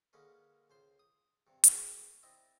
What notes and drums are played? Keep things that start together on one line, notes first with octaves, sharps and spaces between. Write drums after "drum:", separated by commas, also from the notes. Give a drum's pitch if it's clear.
D3 G#3 A#3 C#4 B4
C#2 C5 C6
D#6
G2 C3
B3 C4 D#4 F#4 G#4 A#4, drum: hi-hat
C4 D4 E4 D#5